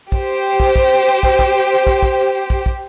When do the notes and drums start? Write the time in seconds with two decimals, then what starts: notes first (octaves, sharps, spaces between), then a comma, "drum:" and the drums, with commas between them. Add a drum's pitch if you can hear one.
0.12 G4 C5, drum: kick
0.60 drum: kick
0.76 drum: kick
1.23 drum: kick
1.39 drum: kick
1.87 drum: kick
2.03 drum: kick
2.50 drum: kick
2.66 drum: kick